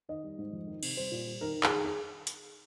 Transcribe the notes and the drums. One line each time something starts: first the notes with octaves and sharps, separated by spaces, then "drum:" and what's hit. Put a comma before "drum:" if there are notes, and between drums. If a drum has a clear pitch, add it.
D#3 D#5
G3
G#2
F2
D#3
C3, drum: cymbal
G3 C5
A#2
G3
D#3 A#4
D#3
G#4, drum: clap
D#3
G#4
drum: hi-hat